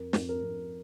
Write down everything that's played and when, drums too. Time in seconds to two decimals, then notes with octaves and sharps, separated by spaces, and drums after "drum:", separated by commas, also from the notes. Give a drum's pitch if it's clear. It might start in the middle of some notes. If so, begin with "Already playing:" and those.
Already playing: F2 A#4
0.13 F2, drum: snare
0.29 A#4
0.42 F2